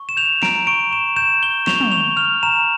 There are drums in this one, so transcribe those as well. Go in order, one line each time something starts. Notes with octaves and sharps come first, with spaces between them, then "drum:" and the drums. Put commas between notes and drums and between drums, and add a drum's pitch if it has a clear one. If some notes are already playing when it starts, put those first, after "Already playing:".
Already playing: C#6
E7
G6 F7
A#5 D7, drum: snare
C#6 D7
C#6 E7
G6 E7
G6 G7
C#6 F7, drum: snare
drum: tom
C#6 F7
F6 F7
A#5 E7